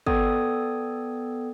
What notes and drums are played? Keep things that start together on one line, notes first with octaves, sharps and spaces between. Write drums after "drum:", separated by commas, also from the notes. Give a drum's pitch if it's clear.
B3 A4 D5 G5 D#6 G#6, drum: kick